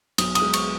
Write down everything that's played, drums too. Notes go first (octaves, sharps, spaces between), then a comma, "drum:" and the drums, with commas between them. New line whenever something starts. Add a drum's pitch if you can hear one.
B1 D#6, drum: cymbal
D#6, drum: cymbal
G#3
C#6, drum: cymbal